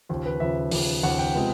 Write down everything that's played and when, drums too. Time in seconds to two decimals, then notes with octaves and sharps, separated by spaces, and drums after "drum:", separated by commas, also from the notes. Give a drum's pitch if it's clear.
0.09 D#2 C#3 F3 C5
0.26 B4
0.40 D#2 C#3 F3 E5
0.71 D#2 C#3 F3, drum: open hi-hat
1.03 D#2 C#3 F3 F#5
1.19 G5
1.34 C3 F3 G#3 B3